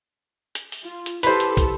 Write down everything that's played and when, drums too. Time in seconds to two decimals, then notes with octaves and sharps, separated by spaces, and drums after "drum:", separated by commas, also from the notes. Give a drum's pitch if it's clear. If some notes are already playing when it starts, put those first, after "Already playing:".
0.55 drum: hi-hat
0.72 drum: open hi-hat
0.84 F4
1.06 drum: hi-hat
1.23 E4 G4 A4 B4 C5, drum: hi-hat
1.40 drum: hi-hat
1.57 drum: kick, hi-hat